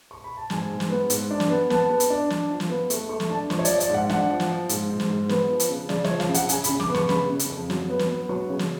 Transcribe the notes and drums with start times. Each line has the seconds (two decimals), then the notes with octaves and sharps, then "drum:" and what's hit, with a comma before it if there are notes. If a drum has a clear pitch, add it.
0.11 C#6
0.24 B5
0.37 A5
0.50 G#2 G#5, drum: snare
0.70 G#2
0.80 drum: snare
0.90 B3
1.10 G#2, drum: hi-hat
1.31 D4
1.40 drum: snare
1.50 B3
1.70 B3 A5, drum: snare
1.90 B3
2.00 drum: hi-hat
2.10 D4
2.30 D4, drum: snare
2.50 F3
2.60 drum: snare
2.70 B3
2.90 A3 C#6, drum: hi-hat
3.09 A3 C#6
3.20 drum: snare
3.30 D4 A5
3.50 F3 C#6, drum: snare
3.59 C#5
3.65 D5, drum: hi-hat
3.69 F3
3.80 D5, drum: hi-hat
3.90 G#2 F#5
4.09 D4 F#5, drum: snare
4.30 F3
4.40 drum: snare
4.50 F3
4.69 G#2, drum: hi-hat
4.90 G#2
5.00 drum: snare
5.09 G#2
5.29 B3, drum: snare
5.50 F3
5.60 drum: hi-hat
5.69 C#3
5.89 C#3 D5, drum: snare
6.04 C#5, drum: snare
6.10 F3
6.20 F5, drum: snare
6.29 C#3
6.34 F#5, drum: hi-hat
6.49 C#3 G#5, drum: hi-hat
6.64 B5, drum: hi-hat
6.69 C#3
6.80 D6, drum: snare
6.89 B3
6.94 C#6, drum: snare
7.09 C#3 B5, drum: snare
7.30 C#3
7.39 drum: hi-hat
7.50 F2
7.70 F#3, drum: snare
7.90 B3
7.99 drum: snare
8.09 B3
8.29 F#3 C#6
8.49 C#3
8.59 drum: snare